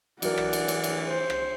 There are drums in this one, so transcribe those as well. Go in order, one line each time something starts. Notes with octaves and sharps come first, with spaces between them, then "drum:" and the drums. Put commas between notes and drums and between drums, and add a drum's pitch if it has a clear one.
E3 F#3 A#4 D5 F#5, drum: cymbal
drum: rim click
drum: cymbal
drum: cymbal
drum: cymbal
C5
drum: rim click